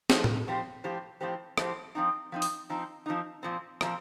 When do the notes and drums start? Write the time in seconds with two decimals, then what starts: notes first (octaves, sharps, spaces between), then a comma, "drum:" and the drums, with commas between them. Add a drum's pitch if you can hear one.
0.10 F3 A3 D#4, drum: snare
0.24 drum: tom A2
0.47 A2 F3 C4 G4 C5
0.84 A2 F3 C4 G4 C5
1.21 A2 F3 C4 G4 C5
1.58 A2 F3 C4 G4 C5, drum: rim click
1.95 F3 C4 D#4
2.32 F3 C4 D#4
2.42 drum: open hi-hat
2.70 F3 C4 D#4
3.06 F3 C4 D#4
3.43 A#2 F3 C4
3.81 A#2 F3 C4, drum: rim click